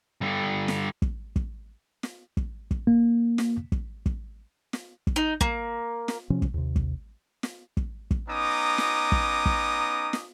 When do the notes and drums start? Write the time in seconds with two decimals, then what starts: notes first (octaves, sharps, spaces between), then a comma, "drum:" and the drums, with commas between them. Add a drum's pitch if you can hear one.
0.21 G2 D3
0.68 drum: snare
1.02 drum: kick
1.36 drum: kick
2.03 drum: snare
2.37 drum: kick
2.71 drum: kick
2.87 A#3
3.38 drum: snare
3.72 drum: kick
4.06 drum: kick
4.73 drum: snare
5.07 drum: kick
5.16 D#4
5.41 A#3, drum: kick
6.08 drum: snare
6.30 C3 F3 C#4
6.42 drum: kick
6.54 D#2 C3
6.76 drum: kick
7.43 drum: snare
7.77 drum: kick
8.11 drum: kick
8.28 B3 C#4 D#4 A#5 D6 D#6
8.78 drum: snare
9.12 drum: kick
9.46 drum: kick
10.13 drum: snare